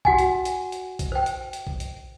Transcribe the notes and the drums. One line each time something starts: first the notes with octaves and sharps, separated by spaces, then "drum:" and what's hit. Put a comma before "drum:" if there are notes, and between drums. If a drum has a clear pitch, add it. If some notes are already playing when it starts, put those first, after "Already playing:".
F#4 F#5 G#5, drum: kick
drum: hi-hat
drum: hi-hat
drum: hi-hat
drum: kick, hi-hat
C5 G5
drum: hi-hat
drum: hi-hat
drum: kick
drum: hi-hat